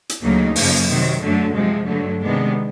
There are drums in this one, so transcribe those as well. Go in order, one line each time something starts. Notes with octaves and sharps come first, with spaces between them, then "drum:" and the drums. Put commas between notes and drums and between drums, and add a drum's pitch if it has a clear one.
drum: hi-hat
D2 C#3 F#3 A#3 D#4
F#2 C#3 F3 A#3, drum: open hi-hat
C3 D#3 F#3
F#2 D3 F#3 A3
C3 F3 G#3
G2 D3 F#3 A3
C3 D#3 G#3 B3 D4